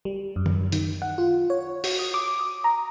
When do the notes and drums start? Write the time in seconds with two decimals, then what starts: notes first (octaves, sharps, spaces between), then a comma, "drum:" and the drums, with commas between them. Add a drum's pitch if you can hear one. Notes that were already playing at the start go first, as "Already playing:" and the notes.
0.05 G3
0.36 F#2
0.46 drum: tom D#3
0.72 D#3, drum: hi-hat
1.02 F#5
1.18 F4
1.50 C#5
1.84 F#4, drum: open hi-hat
1.99 D#6
2.14 D6
2.39 D#6
2.64 A#5